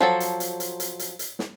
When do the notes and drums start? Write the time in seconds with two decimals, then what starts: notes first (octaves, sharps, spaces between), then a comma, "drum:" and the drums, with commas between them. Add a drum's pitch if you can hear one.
0.01 F3 F#3 A4
0.20 drum: hi-hat
0.40 drum: hi-hat
0.60 drum: hi-hat
0.80 drum: hi-hat
0.99 drum: hi-hat
1.19 drum: hi-hat
1.39 drum: snare